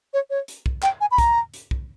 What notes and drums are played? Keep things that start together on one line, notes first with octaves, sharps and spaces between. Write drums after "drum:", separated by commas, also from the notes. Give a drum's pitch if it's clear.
C#5
C#5
drum: hi-hat
drum: kick
G5, drum: clap
G#5
B5
A#5, drum: kick, hi-hat
drum: hi-hat
drum: kick